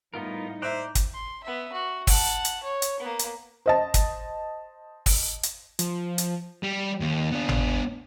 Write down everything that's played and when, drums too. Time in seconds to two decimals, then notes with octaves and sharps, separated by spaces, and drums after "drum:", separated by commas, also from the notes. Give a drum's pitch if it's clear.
0.14 A2 G3 B3 D#4 F4 A#4
0.62 C5 D5 E5 A#5 F#6
0.95 drum: kick, hi-hat
1.14 C6
1.44 B3 E5
1.73 F#4
2.07 F#5 A5, drum: kick, open hi-hat
2.45 drum: hi-hat
2.63 C#5
2.82 drum: hi-hat
3.00 A#3 B3
3.19 drum: hi-hat
3.66 C5 D#5 A5
3.94 drum: kick, hi-hat
5.06 drum: kick, open hi-hat
5.43 drum: hi-hat
5.79 F3, drum: hi-hat
6.18 drum: hi-hat
6.63 G3
7.02 D#2
7.32 B3 D4
7.49 drum: tom G#1